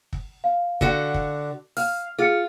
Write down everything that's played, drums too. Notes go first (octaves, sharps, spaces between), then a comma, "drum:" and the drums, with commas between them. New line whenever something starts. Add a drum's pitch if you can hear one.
drum: kick
F5
D3 F#4, drum: kick
drum: kick
F5 F6, drum: open hi-hat
F4 G#4 F6 C#7